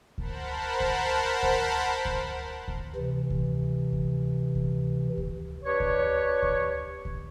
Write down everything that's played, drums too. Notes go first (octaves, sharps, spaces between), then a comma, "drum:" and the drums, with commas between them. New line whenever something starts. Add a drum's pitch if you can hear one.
A#4 C5 F#5 A5 B5, drum: kick D2
drum: kick D2
drum: kick D2
drum: kick D2
drum: kick D2
C3 E3
drum: kick D2
drum: kick D2
drum: kick D2
drum: kick D2
D4 G4 B4 C#5
drum: kick D2
drum: kick D2
drum: kick D2